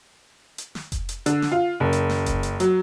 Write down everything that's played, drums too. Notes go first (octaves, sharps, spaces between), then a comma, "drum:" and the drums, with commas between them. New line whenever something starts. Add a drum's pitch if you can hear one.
drum: hi-hat
drum: snare
drum: kick F1, hi-hat
drum: hi-hat
D3, drum: hi-hat
drum: snare
F4
F#1
drum: hi-hat
drum: snare
drum: kick F1, hi-hat
drum: hi-hat
F#3, drum: hi-hat